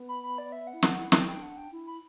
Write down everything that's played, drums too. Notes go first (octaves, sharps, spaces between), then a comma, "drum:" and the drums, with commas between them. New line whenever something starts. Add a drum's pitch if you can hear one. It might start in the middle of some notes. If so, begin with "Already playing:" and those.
Already playing: B3
B5
B5
D5
E5
F#5
E4
D4, drum: snare
E4
D4 G5, drum: snare
E4 G5
D4
F#5
G5
E4
B5